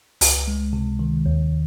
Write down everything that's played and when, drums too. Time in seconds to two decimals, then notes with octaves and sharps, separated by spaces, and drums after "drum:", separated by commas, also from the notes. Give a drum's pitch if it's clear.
0.21 C#2, drum: open hi-hat
0.47 G#3
0.73 C3
0.99 D#3
1.26 D#2